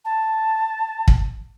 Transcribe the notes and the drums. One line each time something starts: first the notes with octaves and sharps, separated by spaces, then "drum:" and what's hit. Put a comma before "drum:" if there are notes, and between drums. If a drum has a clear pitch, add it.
A5
drum: kick